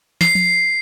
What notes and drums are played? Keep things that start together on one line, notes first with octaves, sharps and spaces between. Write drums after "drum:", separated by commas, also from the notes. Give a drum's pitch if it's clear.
C7, drum: snare
drum: tom F3